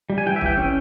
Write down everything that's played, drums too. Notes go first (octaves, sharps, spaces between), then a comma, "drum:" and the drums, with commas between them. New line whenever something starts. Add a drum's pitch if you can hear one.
G3
G#5
E3 G5
E5
E3 G5, drum: kick
C#4